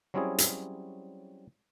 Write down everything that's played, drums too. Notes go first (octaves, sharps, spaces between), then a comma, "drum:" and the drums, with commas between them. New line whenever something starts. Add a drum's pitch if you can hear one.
F#3 G3 C4 C#4 E4 G#4
drum: hi-hat